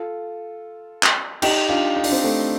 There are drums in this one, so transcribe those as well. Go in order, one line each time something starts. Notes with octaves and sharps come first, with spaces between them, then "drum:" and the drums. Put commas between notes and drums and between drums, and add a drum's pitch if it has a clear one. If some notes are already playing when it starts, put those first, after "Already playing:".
Already playing: F4 A4
drum: clap
D#4 G4, drum: cymbal
D4 F4
D#4
D4, drum: open hi-hat
C4 D#4
A3 C4